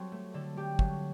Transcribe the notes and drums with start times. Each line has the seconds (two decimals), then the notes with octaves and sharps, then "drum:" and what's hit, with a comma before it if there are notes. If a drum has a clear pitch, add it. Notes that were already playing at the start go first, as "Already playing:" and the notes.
Already playing: F#3 C4 G4 A4
0.12 A3
0.34 D3 A4
0.56 A3 G4
0.79 F#3, drum: kick